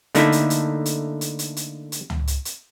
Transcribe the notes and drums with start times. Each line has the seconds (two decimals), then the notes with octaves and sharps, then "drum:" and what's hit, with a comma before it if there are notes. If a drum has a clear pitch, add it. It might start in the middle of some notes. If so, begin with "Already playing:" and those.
0.15 D3 A3 A#3 D#4 E4, drum: hi-hat
0.32 drum: hi-hat
0.50 drum: hi-hat
0.86 drum: hi-hat
1.21 drum: hi-hat
1.39 drum: hi-hat
1.57 drum: hi-hat
1.92 drum: hi-hat
2.10 drum: tom C#2
2.27 drum: hi-hat
2.45 drum: hi-hat